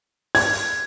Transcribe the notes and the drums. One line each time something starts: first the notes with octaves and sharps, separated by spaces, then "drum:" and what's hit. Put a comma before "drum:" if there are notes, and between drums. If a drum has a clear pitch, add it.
G#6, drum: open hi-hat
drum: open hi-hat